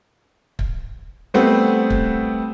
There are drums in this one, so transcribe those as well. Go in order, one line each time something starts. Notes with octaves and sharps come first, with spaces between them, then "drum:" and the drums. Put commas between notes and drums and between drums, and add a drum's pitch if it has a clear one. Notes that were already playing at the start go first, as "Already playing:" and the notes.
drum: kick
G3 A3 B3 C4
drum: kick